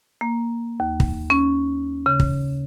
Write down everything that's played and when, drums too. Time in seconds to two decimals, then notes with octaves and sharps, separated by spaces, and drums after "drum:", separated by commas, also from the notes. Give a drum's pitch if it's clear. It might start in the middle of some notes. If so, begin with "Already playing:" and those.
0.21 A#3
0.80 D#2
1.00 drum: kick
1.30 C#4
2.06 C#3
2.20 drum: kick